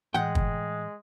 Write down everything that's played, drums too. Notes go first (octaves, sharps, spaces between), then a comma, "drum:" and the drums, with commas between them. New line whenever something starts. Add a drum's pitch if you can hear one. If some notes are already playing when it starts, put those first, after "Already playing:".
A2 E3 G#3 F#5 G5
drum: kick